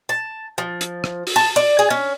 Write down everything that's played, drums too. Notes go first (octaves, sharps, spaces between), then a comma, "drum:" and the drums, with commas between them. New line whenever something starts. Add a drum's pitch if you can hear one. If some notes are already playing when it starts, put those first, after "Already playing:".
A5
F3
drum: hi-hat
drum: rim click
drum: open hi-hat
A5
D5
G#4
C#4